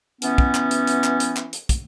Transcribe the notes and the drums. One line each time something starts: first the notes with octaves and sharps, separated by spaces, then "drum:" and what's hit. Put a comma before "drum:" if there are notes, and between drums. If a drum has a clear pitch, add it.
E3 B3 C#4, drum: hi-hat
drum: kick
drum: clap
drum: hi-hat
drum: hi-hat
drum: clap
drum: hi-hat
drum: clap
drum: hi-hat
drum: kick, hi-hat